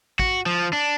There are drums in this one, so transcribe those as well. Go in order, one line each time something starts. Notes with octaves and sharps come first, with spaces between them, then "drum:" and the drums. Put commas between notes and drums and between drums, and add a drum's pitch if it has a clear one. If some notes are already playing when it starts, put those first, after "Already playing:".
F#4, drum: kick
F3
D4